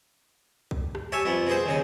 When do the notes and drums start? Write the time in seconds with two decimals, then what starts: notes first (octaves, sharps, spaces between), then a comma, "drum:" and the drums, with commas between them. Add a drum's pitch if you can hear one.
0.71 drum: kick C2
0.95 drum: rim click
1.12 G4 C#5 E5 G#5 A5
1.25 F2 B3
1.47 B2 G#4 C5
1.66 D#2 C#3 D#5